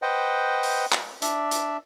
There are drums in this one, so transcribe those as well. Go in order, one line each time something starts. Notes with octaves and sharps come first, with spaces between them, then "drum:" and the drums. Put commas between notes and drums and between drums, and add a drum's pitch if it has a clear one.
B4 C5 D#5 F#5 G5
drum: open hi-hat
drum: clap
D4 D5 E5, drum: hi-hat
drum: hi-hat